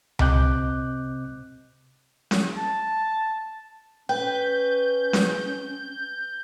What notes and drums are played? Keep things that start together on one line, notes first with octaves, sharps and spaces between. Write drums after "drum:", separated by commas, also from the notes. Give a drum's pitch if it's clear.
C3 C4 D#5 D6 F#6 G6, drum: tom C2
drum: snare C#4
A5
C#4 B4 G5 G6
drum: snare C#4